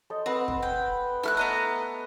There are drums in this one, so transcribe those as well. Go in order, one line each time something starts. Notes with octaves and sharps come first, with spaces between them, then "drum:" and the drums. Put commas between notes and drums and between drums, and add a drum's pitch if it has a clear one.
A4 C5 D#5
C4 B4 C5 F#5
drum: kick
G5
A3 E4 A5 F6 F#6
B3 D#5 A#5